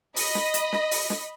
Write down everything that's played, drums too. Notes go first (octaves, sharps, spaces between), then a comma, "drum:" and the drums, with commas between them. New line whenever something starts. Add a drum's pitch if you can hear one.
D#5 B5, drum: open hi-hat
drum: snare
drum: hi-hat
drum: snare
drum: open hi-hat
drum: snare